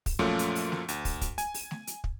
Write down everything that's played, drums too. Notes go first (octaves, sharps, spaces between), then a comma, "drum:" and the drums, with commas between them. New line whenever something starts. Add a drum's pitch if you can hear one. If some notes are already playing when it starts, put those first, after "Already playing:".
drum: kick, open hi-hat
F#2 A#2 F3 A3 C#4
drum: hi-hat
drum: open hi-hat
drum: snare A3
D2, drum: hi-hat
drum: kick, open hi-hat
drum: kick, hi-hat
G#5, drum: hi-hat
drum: open hi-hat
drum: snare A3
drum: hi-hat
drum: kick